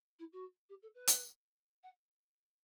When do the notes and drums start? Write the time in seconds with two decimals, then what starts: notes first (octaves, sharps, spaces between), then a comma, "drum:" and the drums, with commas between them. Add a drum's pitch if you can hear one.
0.19 E4
0.33 F#4
0.69 G4
0.82 A4
0.95 B4
1.07 drum: hi-hat
1.83 F#5